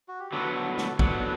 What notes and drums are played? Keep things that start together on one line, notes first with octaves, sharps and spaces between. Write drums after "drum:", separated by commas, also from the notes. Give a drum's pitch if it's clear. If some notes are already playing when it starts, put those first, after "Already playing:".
F#4
G4
D3 F#3 B3 F#4 A4
F#4 A4
F#4 A4, drum: snare
D3 F#3 B3 D4 F#4, drum: kick